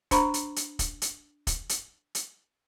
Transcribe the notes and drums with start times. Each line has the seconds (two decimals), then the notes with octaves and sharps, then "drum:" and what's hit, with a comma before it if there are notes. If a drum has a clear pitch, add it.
0.11 D4 C5 A#5 B5 C#6, drum: kick, hi-hat
0.34 drum: hi-hat
0.56 drum: hi-hat
0.79 drum: kick, hi-hat
1.02 drum: hi-hat
1.47 drum: kick, hi-hat
1.69 drum: hi-hat
2.15 drum: hi-hat